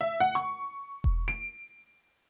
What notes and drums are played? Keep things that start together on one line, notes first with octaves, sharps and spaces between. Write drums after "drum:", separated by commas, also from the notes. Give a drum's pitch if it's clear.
E5
F#5
C#6
drum: kick E1
D7